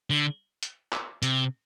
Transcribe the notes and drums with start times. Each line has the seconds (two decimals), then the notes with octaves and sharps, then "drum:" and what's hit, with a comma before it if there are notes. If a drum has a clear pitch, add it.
0.10 D3
0.63 drum: hi-hat
0.93 drum: clap
1.23 C3, drum: hi-hat